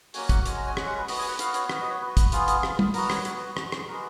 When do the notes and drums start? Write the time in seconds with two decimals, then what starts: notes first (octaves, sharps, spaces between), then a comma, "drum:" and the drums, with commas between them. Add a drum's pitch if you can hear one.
0.14 F#3 A#3 C#4 F#4 G#5, drum: open hi-hat
0.29 F#5, drum: kick, hi-hat
0.46 G#3 C#4 F#4 G#5, drum: hi-hat
0.57 A#5
0.66 G#5
0.77 G#3 C#4 F#4 F#5, drum: rim click
0.87 F#5
0.97 B4
1.08 B3 F#4 D#5, drum: open hi-hat
1.19 G#5
1.28 F#5
1.39 B3 F#4 F5, drum: hi-hat
1.54 C#5, drum: hi-hat
1.69 B3 F#4 B4, drum: rim click
1.81 D#5
1.90 C#5
2.01 B3 F#4 B4
2.17 drum: kick, hi-hat
2.32 B3 F4 G#4, drum: hi-hat
2.48 drum: hi-hat
2.63 B3 F4, drum: rim click
2.79 drum: tom
2.94 B3 F#4 A#4, drum: open hi-hat
3.10 C#5, drum: rim click
3.25 B3 F#4 C#5, drum: hi-hat
3.36 B4
3.57 G#3 B3 F#4, drum: rim click
3.72 drum: rim click
3.87 G#3 B3 F#4 A#4